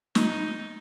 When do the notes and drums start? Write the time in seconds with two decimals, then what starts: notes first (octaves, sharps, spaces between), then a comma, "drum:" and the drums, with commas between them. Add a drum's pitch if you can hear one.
0.15 D#4, drum: snare